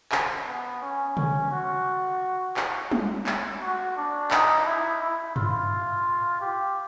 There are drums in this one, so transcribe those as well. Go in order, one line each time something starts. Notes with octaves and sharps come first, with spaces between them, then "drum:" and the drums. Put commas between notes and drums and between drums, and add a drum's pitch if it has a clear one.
drum: clap
B3
C#4
C#4, drum: tom C3
F#4
drum: clap
drum: tom
drum: clap
F#4
D4
D#4, drum: clap
E4
E4
F4, drum: tom G2
G4